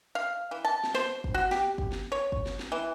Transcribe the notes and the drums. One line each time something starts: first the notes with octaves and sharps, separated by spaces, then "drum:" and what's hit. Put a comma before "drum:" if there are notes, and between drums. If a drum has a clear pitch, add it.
F5
E3
A5
drum: snare
C5, drum: snare
drum: kick
F#4
G4, drum: snare
drum: kick
drum: snare
C#5
drum: kick
drum: snare
drum: snare
E3